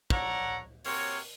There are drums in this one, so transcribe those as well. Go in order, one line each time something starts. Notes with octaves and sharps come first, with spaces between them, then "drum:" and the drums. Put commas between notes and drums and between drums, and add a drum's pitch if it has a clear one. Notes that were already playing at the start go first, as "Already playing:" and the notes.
A4 C#5 D5 F#5 A#5, drum: kick
C3 A#3 F#4 C#5, drum: open hi-hat